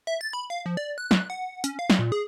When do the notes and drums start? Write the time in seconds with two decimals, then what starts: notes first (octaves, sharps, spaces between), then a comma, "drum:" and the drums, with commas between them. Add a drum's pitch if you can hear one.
0.07 E5
0.21 A6
0.33 B5
0.50 F5
0.66 F3
0.77 D5
0.98 F#6
1.11 drum: snare
1.30 F#5
1.64 C#4, drum: hi-hat
1.79 F5
1.90 drum: snare
1.99 A#2
2.12 G#4